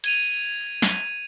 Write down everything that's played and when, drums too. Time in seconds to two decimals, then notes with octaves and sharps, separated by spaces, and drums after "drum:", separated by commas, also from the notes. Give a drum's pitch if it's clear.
0.04 G#6 D#7 F7, drum: cymbal
0.82 drum: snare